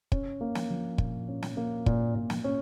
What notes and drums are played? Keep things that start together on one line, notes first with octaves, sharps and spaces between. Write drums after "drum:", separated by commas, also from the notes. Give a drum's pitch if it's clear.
C#4, drum: kick
A#3
drum: snare
F3
A#2, drum: kick
C#4
drum: snare
A#3
A#2, drum: kick
A#2
drum: snare
C#4